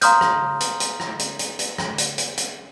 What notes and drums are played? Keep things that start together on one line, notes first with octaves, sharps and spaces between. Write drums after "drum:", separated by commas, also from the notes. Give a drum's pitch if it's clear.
F5 A#5 C6 D#6 F6 G6, drum: hi-hat
drum: rim click
drum: hi-hat
drum: hi-hat
drum: rim click
drum: hi-hat
drum: hi-hat
drum: hi-hat
drum: rim click
drum: hi-hat
drum: hi-hat
drum: hi-hat